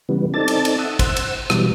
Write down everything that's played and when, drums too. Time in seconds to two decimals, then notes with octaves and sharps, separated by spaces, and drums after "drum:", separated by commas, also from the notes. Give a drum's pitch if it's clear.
0.09 C#3 E3 G3 B3
0.34 C4 D#4 A4 D5 A5 A6
0.48 drum: cymbal
0.65 drum: cymbal
0.78 E5 F#5 A5 D#6
0.99 C5 F#5 E6, drum: kick, cymbal
1.16 drum: cymbal
1.50 B2 E3 F#3 G3, drum: rim click